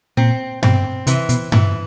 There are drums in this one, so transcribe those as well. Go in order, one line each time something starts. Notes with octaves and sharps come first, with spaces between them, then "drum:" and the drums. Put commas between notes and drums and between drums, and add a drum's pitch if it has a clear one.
A#2 C4
B2 C4, drum: tom G2
C3 E3, drum: hi-hat
B2, drum: hi-hat
A#2 E3, drum: tom G2